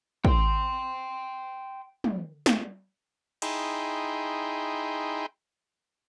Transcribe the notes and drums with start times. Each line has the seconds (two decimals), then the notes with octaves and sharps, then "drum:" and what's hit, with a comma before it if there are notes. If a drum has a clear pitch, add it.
0.25 G5 C6, drum: kick
2.04 drum: tom
2.46 drum: snare
3.42 D#4 E4 G#4 G5 C6, drum: cymbal